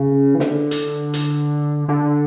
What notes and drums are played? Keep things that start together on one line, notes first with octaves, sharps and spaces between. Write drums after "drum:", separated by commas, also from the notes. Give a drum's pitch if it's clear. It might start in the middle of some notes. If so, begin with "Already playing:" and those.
Already playing: C#3
E3
D3, drum: snare
drum: hi-hat
drum: hi-hat
D3